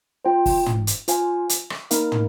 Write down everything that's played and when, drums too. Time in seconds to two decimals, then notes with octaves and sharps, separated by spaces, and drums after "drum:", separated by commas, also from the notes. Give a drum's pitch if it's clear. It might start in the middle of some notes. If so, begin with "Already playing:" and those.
0.25 F4 C5 G5
0.46 drum: kick, open hi-hat
0.66 drum: tom
0.87 drum: hi-hat
1.08 F4 C5 F5 G#5, drum: hi-hat
1.49 drum: hi-hat
1.70 drum: rim click
1.91 A#3 D#4 A#4 F5, drum: hi-hat
2.12 drum: tom